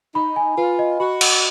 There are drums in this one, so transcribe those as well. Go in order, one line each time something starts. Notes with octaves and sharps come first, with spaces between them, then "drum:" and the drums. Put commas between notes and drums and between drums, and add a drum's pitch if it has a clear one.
D#4 B5
G#5
F4 B4
D#5
F#4 B5
F#5, drum: cymbal